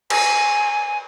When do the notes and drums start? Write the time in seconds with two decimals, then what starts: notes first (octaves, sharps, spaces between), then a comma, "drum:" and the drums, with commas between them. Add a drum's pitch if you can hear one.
0.10 G#5, drum: cymbal